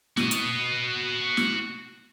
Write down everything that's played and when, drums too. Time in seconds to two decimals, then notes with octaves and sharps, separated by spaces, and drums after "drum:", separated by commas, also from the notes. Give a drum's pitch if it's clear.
0.17 F#4 D#5, drum: snare
0.31 drum: hi-hat
1.37 drum: snare